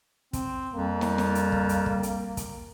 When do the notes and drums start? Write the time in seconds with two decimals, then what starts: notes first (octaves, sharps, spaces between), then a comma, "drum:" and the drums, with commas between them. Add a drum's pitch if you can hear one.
0.33 C4, drum: kick, hi-hat
0.75 F2 G3 A#3
1.01 drum: snare
1.18 drum: snare
1.35 drum: hi-hat
1.52 drum: kick
1.69 drum: hi-hat
1.86 drum: kick
2.03 drum: hi-hat
2.37 drum: kick, hi-hat